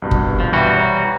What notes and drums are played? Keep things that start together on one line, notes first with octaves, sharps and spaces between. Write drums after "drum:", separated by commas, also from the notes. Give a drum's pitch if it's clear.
C2 G2 B2
drum: kick F#1
F3
E3 G3 F#4
C#5 A#5